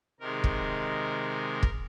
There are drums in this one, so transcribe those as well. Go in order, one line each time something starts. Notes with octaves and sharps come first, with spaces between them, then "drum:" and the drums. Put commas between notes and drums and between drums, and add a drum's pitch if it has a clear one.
C3 D#3 G#3 A#4
drum: kick
drum: kick